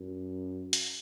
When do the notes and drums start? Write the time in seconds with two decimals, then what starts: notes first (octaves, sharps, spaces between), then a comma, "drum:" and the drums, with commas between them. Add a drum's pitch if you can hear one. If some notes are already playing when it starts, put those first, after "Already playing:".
Already playing: F#2
0.73 drum: hi-hat